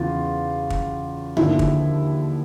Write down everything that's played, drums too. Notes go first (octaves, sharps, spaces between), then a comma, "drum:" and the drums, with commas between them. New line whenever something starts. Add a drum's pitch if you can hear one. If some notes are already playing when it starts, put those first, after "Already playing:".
Already playing: E2 C#3 E3 F4
drum: kick
D#2 D3 F3 E4, drum: tom G2
drum: kick